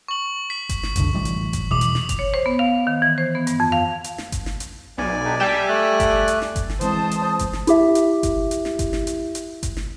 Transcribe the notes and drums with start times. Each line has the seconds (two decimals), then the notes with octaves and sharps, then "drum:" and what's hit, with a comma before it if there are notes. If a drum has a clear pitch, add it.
0.08 C#6 F#7
0.50 B6
0.69 drum: kick G1, hi-hat
0.83 drum: snare
0.96 F#1 C2 D3, drum: hi-hat
1.15 A1 E3 G3
1.25 drum: hi-hat
1.53 drum: kick G1, hi-hat
1.71 E2 B2 E3 D6 D#6
1.81 drum: hi-hat
1.95 drum: snare
2.09 drum: kick G1, hi-hat
2.19 C#5
2.34 C5
2.46 B3
2.59 F5
2.87 D#3
3.02 E3
3.18 C5
3.35 B3
3.47 G2, drum: hi-hat
3.60 F2
3.72 F5
4.04 drum: hi-hat
4.18 drum: snare
4.32 drum: kick G1, hi-hat
4.46 drum: snare
4.60 drum: hi-hat
4.98 B1 D5 G#5
5.25 D4 D#4 G4
5.40 G3 G4 E5 A5
5.69 A3 F#6
6.00 drum: kick G1, hi-hat
6.28 drum: hi-hat
6.42 drum: snare
6.56 drum: kick G1, hi-hat
6.70 drum: snare
6.81 E3 G#3 C4 C5 A5 D#6, drum: hi-hat
7.11 drum: hi-hat
7.39 drum: kick G1, hi-hat
7.53 drum: snare
7.67 E4 G4 E5, drum: hi-hat
7.95 drum: hi-hat
8.23 drum: kick G1, hi-hat
8.51 drum: hi-hat
8.65 drum: snare
8.79 drum: kick G1, hi-hat
8.93 drum: snare
9.07 drum: hi-hat
9.35 drum: hi-hat
9.63 drum: kick G1, hi-hat
9.77 drum: snare